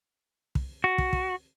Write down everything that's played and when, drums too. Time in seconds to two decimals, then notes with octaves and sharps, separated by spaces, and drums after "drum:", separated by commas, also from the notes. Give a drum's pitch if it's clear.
0.55 drum: kick
0.84 F#4
0.98 drum: kick
1.13 drum: kick